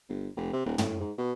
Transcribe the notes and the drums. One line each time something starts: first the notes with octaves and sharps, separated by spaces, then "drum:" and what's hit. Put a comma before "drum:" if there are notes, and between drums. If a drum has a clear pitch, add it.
G1
F1
C3
D#1
A2, drum: tom
G#2
B2